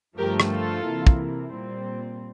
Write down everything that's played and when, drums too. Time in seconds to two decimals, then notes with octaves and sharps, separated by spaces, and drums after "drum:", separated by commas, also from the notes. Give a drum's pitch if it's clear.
0.17 G2 D3 F3 A3 G4 A#4
0.40 drum: rim click
0.51 F4 A4
0.85 C3 E3 A#3 E4
1.07 drum: kick
1.51 A#2 G3 C4